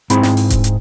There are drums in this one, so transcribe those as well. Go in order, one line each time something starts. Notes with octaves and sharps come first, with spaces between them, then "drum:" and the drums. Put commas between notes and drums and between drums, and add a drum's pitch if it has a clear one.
G#2 G#3 C4 E4 G5 B5, drum: hi-hat
drum: snare
drum: open hi-hat
drum: kick D#1, hi-hat
drum: hi-hat